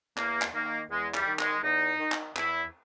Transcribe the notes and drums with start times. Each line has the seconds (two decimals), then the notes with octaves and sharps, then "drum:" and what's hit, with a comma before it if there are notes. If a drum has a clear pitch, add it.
0.17 E2 A#3, drum: clap
0.42 drum: clap
0.54 D#3 A#3
0.90 E2 G#3
1.14 G3, drum: clap
1.27 D#3
1.39 G#3, drum: clap
1.63 E2 D#4
2.00 D#3
2.12 drum: clap
2.36 E2 E4, drum: clap